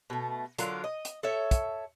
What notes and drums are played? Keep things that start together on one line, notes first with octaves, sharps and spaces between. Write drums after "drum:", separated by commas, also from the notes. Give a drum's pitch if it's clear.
B2 A3
D3 F#3 F4 A#4, drum: hi-hat
D#5
drum: hi-hat
A4 C#5 E5
drum: kick, hi-hat